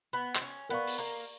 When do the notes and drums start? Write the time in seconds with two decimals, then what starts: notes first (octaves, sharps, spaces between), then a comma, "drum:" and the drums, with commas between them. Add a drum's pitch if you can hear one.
0.13 B3
0.35 C4, drum: clap
0.41 C#4
0.69 B3 A#4 D5 F5 A#5 C#6
0.87 drum: open hi-hat
0.98 A#3